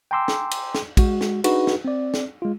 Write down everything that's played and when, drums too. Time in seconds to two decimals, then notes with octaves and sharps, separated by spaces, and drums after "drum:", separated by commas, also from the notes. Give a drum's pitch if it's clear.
0.11 G5 G#5 A#5 C6 D6 E6
0.28 drum: snare
0.51 drum: cymbal
0.75 drum: snare
0.97 G#3 F#4, drum: kick, cymbal
1.21 drum: snare
1.44 D4 D#4 F#4 G#4 B4, drum: cymbal
1.67 drum: snare
1.85 C4 D5
2.14 drum: snare
2.42 G#3 F4